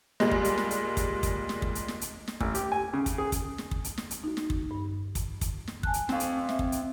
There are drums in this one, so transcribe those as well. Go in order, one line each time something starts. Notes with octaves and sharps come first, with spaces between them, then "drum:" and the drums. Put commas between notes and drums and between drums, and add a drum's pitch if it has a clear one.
A#2 G3 G#3, drum: snare
drum: kick
drum: hi-hat
drum: snare
drum: hi-hat
drum: kick, hi-hat
drum: kick, hi-hat
drum: snare
drum: kick
drum: hi-hat
drum: snare
drum: hi-hat
drum: snare
A1, drum: kick
G4, drum: hi-hat
G#5
C#3
drum: kick, hi-hat
G#4
drum: kick, hi-hat
drum: snare
drum: kick
drum: hi-hat
drum: snare
drum: hi-hat
D#4 F#4
drum: snare
drum: kick
G2
drum: kick, hi-hat
drum: kick, hi-hat
drum: snare
G#5 A5 F#6, drum: kick
drum: hi-hat
C4 F5, drum: snare
drum: hi-hat
E5, drum: snare
drum: kick
drum: hi-hat